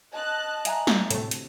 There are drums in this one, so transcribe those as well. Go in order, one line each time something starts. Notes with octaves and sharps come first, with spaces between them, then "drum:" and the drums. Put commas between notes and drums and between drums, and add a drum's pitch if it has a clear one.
D#5 A5 F#6
E5 G#5 A#5, drum: hi-hat
drum: snare
D2 A2 C3 A3, drum: hi-hat
drum: hi-hat